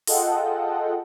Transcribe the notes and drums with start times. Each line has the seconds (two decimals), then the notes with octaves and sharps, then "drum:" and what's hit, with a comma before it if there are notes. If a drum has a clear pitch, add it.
0.07 F4 G#4 A4 D#5 F#5 G5, drum: open hi-hat